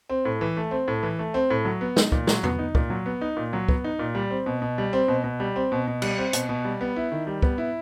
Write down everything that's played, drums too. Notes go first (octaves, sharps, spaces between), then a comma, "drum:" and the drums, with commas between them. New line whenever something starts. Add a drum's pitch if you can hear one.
C4
A2
E3
A3
C4
A2
E3
A3
C4
A2
F#3
B3
D#4, drum: snare
A#2, drum: kick
F#3, drum: snare
B3, drum: tom E2
D#4
A#2, drum: kick
F#3
B3
D#4
A#2
F#3
B3, drum: kick
D#4
A#2
G3
C4
B2
B2
G3
C4
B2
B2
G3
C4
B2
B2
G3, drum: cymbal
C4
B2, drum: hi-hat
B2
G3
B3
E4
D#3
G3
B3, drum: kick
E4